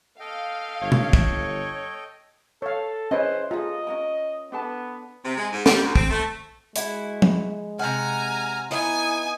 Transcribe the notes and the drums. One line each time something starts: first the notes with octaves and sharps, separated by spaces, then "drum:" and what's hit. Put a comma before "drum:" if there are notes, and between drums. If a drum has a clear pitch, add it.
A4 D#5 F5 G5
G1 C#5
drum: tom B2
drum: kick
A4 C#5 F5
C#4 E4 G#4 B4 C5 D#5
F4 G#4 A4 D#5 A#5
C#4 D#4 A#4
B3 D4 A4 A5
C3
G#3
G#2
G3, drum: snare
D2
C4, drum: kick
A3
G#3 E4 F#4, drum: hi-hat
drum: tom F3
C3 F#5 G#5 A#5 F6
B3 D#4 E4 G#5 D#6